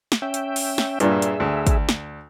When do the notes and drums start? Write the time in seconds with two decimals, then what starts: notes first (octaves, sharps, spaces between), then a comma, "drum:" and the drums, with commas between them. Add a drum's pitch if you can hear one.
0.12 drum: snare
0.22 C#4 E5 G5
0.34 drum: hi-hat
0.56 drum: open hi-hat
0.78 drum: snare
1.00 G2 A#2 G#4 E5, drum: hi-hat
1.22 drum: hi-hat
1.40 D2
1.67 drum: kick, hi-hat
1.89 drum: snare